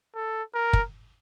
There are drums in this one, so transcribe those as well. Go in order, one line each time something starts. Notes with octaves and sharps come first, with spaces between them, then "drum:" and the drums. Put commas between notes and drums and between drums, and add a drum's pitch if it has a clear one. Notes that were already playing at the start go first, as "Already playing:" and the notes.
A4
A#4
drum: kick